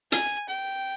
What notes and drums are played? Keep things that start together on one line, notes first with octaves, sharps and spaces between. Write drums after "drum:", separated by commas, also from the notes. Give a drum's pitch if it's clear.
G#5, drum: hi-hat
G5